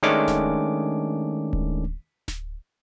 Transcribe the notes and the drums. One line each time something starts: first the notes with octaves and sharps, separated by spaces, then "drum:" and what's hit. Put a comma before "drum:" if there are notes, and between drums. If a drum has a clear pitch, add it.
D#3 G#3 A3 C#4 D4 D6
drum: snare D1
drum: kick D1
drum: snare D1